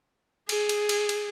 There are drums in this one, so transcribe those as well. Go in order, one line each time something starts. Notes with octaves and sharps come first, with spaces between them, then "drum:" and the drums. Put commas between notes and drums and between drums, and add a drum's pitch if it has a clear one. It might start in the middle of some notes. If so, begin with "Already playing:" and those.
G#4, drum: cymbal
drum: cymbal
drum: cymbal
drum: cymbal